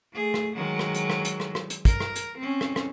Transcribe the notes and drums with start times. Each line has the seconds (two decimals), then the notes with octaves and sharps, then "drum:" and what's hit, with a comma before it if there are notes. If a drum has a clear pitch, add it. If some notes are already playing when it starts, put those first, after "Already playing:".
0.13 A3 G#4
0.34 drum: rim click
0.55 D#3 F#3 G#3
0.79 drum: rim click
0.95 drum: hi-hat
1.10 drum: rim click
1.25 drum: hi-hat
1.40 drum: rim click
1.55 drum: rim click
1.70 drum: hi-hat
1.85 A#4, drum: kick, hi-hat
2.00 drum: rim click
2.16 drum: hi-hat
2.38 C4 C#4
2.61 drum: rim click
2.76 drum: rim click